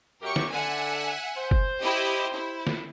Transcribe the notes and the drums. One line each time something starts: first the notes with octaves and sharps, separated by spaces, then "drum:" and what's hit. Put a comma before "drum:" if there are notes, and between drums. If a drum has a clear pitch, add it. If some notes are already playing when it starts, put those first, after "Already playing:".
F#2 G4 A#4 C#6
drum: snare
D3 E5 F#5 G#5
C5
drum: kick F#1
E4 G4 D#5
E4
drum: snare